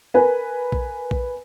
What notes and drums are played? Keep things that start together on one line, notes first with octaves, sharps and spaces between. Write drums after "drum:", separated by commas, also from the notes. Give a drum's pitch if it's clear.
A#4 B4 G#5
drum: kick A#1
drum: kick A#1